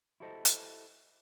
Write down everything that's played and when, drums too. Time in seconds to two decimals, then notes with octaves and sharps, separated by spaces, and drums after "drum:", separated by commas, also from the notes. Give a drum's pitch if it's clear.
0.20 E4 F#4 G4 A4 C5 D#5
0.45 drum: hi-hat